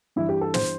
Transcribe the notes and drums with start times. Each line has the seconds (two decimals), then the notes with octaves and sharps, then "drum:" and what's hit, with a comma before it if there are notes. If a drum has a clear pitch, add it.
0.16 G2 E3 E4
0.29 G4
0.41 A4
0.54 C5, drum: snare